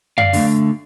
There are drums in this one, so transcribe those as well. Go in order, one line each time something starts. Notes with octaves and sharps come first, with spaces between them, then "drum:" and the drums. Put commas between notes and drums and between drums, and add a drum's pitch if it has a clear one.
D5 F5, drum: tom F#2
D3 A3, drum: open hi-hat